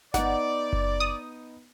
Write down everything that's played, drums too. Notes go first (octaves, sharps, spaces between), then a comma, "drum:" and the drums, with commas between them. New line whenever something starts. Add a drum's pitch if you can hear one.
B3 D#4 D5 F#5, drum: snare G1
drum: kick F#1
D#6